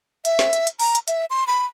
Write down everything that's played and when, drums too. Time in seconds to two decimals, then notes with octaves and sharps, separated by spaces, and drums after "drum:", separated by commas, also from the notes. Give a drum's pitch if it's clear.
0.25 E5, drum: hi-hat
0.39 drum: snare
0.53 drum: hi-hat
0.67 drum: hi-hat
0.79 A#5, drum: open hi-hat
0.95 drum: hi-hat
1.08 E5, drum: hi-hat
1.30 C6
1.47 B5